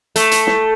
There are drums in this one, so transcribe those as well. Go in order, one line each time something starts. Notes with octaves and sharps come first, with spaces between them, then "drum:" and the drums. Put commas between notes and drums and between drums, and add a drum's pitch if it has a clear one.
A3, drum: hi-hat
drum: hi-hat
drum: snare